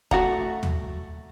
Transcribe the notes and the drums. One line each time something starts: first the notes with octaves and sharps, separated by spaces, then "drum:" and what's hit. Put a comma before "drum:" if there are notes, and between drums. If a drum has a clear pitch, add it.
A3 F#4 F#5 A#5, drum: kick F1
drum: tom